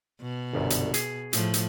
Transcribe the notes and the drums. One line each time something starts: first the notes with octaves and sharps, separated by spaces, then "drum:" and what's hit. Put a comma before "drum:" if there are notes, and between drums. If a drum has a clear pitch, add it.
B2
G1 C2 F#2
drum: hi-hat
G#4, drum: hi-hat
A2 F3, drum: hi-hat
drum: hi-hat